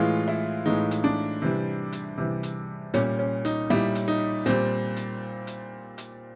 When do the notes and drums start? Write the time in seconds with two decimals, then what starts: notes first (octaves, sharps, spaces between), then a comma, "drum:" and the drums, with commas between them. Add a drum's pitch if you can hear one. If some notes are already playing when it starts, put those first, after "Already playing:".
Already playing: A2 E3 G#3 F4
0.28 E4
0.66 A2 E3 G#3 D#4
0.91 drum: hi-hat
1.04 D4
1.42 C3 E3 G3
1.92 drum: hi-hat
2.18 C3 E3 G3
2.43 drum: hi-hat
2.94 A#2 G3 C#4, drum: hi-hat
3.19 C#4
3.45 D#4, drum: hi-hat
3.70 A#2 G3 E4
3.95 drum: hi-hat
4.08 D#4
4.46 A#2 G3 C4, drum: hi-hat
4.96 drum: hi-hat
5.47 drum: hi-hat
5.98 drum: hi-hat